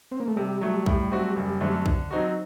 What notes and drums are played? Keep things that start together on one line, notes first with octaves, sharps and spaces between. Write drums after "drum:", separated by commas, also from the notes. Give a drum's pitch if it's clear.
C4
A#3
A3
C3 G3
F#3 A3
A2, drum: kick B1
F#3 A3 C4 F#4
F#1
F#2 D3 A3 C4
D3, drum: kick B1
F#3 C4 D#4 F#4